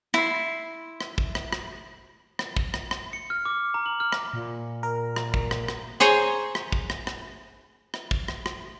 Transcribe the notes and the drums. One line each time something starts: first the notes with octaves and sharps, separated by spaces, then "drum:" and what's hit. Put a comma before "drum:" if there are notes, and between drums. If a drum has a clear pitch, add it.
E4 C6, drum: rim click
drum: rim click
drum: kick
drum: rim click
drum: rim click
drum: rim click
drum: kick
drum: rim click
drum: rim click
C#7
F6
D6
A#5
F#7
F6
drum: rim click
A#2
A#4
drum: rim click
drum: kick
drum: rim click
drum: rim click
G#4 C5 C#5 G#5 A#5
drum: rim click
drum: kick
drum: rim click
drum: rim click
drum: rim click
drum: kick
drum: rim click
drum: rim click